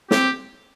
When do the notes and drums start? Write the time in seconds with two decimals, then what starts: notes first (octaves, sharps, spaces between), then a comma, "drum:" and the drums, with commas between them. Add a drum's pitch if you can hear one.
0.11 C4 G4, drum: snare